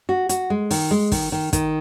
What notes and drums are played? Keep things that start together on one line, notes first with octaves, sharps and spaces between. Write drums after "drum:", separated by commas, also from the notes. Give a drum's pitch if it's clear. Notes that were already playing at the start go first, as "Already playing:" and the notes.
F#4
F#4, drum: hi-hat
G#3
D#3, drum: open hi-hat
G#3
D#3, drum: kick, open hi-hat
D#3
D#3, drum: kick, hi-hat